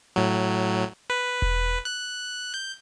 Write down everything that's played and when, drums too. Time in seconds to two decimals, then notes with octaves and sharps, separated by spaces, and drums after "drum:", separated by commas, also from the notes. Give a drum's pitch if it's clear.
0.16 A2 F#3
1.10 B4
1.42 drum: kick E1
1.85 F#6
2.54 G6